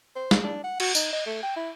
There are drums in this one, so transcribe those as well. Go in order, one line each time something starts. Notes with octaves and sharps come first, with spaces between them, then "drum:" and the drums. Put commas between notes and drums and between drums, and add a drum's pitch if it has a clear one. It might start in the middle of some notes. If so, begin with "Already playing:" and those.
C5
drum: snare
D4
F#5
F#4, drum: cymbal
D#4, drum: tambourine
D#5
A3
G5
E4